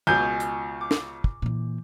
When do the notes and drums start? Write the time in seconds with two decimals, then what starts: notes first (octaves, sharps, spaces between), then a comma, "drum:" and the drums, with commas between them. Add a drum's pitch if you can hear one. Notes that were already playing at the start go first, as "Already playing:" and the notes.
0.07 C#2 B2 G#5 G6
0.40 drum: hi-hat
0.81 D6
0.91 drum: snare
1.24 drum: kick
1.42 A#2 E3